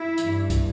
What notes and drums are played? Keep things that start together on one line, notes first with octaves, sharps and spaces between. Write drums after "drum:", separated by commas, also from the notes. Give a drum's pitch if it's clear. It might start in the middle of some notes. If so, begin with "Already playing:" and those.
Already playing: E4
G2 E3, drum: hi-hat
drum: kick, hi-hat